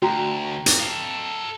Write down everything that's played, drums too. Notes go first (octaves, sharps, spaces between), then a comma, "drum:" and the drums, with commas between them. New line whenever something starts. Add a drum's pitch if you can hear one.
D2 F#4 G5 A#5
drum: hi-hat
A4 F5